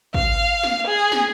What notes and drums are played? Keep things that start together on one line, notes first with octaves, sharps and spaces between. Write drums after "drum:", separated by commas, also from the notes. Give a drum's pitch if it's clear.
F5, drum: kick
drum: snare
G#4
drum: snare